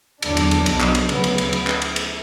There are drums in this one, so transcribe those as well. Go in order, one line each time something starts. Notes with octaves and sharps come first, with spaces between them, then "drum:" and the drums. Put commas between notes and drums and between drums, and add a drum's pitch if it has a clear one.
E2 D3 F#3 D4, drum: cymbal
drum: cymbal
drum: cymbal
B1 B2 F#3, drum: cymbal
drum: clap
drum: cymbal
D2 C#3 F#3 B3, drum: cymbal
drum: cymbal
drum: cymbal
drum: cymbal
drum: clap
drum: cymbal
drum: cymbal